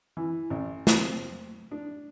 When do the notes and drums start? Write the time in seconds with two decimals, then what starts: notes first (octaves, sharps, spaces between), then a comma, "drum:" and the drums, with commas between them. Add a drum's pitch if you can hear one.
0.17 E3
0.50 A1
0.87 C4, drum: snare
1.71 D4